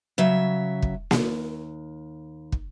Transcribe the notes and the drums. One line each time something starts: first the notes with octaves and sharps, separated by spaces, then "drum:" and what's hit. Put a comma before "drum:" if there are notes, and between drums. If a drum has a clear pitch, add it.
C#3 F#3 E5
drum: kick
D#2, drum: snare A#3
drum: kick